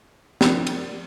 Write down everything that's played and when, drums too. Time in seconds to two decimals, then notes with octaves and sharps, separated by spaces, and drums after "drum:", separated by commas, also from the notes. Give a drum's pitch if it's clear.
0.41 C3 F3 A#3 D4, drum: snare
0.67 drum: cymbal